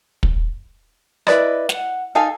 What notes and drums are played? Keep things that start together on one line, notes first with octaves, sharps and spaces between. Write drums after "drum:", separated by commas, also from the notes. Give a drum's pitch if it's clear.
drum: kick
E4 B4 D5 D#5, drum: rim click
F#5, drum: snare
D#4 A4 F5 G#5